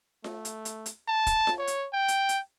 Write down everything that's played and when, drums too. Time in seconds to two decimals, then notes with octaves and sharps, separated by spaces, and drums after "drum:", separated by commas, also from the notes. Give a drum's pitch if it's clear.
0.24 A3, drum: snare F4
0.45 drum: hi-hat
0.65 drum: hi-hat
0.86 drum: hi-hat
1.08 A5
1.27 drum: kick, hi-hat
1.47 drum: snare F4
1.58 C#5
1.67 drum: hi-hat
1.93 G5
2.08 drum: hi-hat
2.29 drum: hi-hat